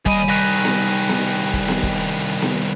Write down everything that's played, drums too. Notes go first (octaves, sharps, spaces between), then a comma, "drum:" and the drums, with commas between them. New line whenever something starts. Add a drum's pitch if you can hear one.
D#2 G3 D#5 G#5 B5 D#7, drum: kick
C2 D#3 F#6 A#6 B6
drum: snare B3
drum: snare B3
drum: kick
drum: snare B3
drum: kick
drum: snare B3